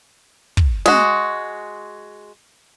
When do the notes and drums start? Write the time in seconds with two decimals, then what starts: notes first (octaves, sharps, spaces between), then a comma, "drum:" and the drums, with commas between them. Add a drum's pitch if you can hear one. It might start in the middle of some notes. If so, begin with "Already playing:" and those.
0.57 drum: kick
0.86 G#3 F#4, drum: snare